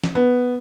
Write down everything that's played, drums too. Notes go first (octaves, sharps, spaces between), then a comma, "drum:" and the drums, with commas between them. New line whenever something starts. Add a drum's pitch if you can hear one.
drum: snare
B3